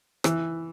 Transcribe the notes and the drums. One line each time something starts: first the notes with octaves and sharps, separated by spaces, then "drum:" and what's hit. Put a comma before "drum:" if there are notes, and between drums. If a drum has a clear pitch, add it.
E3, drum: rim click